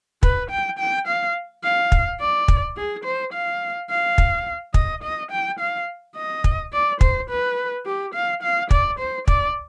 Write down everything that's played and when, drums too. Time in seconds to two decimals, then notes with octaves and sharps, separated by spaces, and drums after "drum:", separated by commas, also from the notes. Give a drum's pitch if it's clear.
0.23 B4, drum: kick
0.50 G5
0.79 G5
1.07 F5
1.64 F5
1.92 drum: kick
2.21 D5
2.48 drum: kick
2.77 G#4
3.04 C5
3.34 F5
3.90 F5
4.18 drum: kick
4.74 D#5, drum: kick
5.03 D#5
5.31 G5
5.59 F5
6.16 D#5
6.44 drum: kick
6.73 D5
7.01 C5, drum: kick
7.30 B4
7.86 G4
8.14 F5
8.43 F5
8.71 D5, drum: kick
8.99 C5
9.28 D5, drum: kick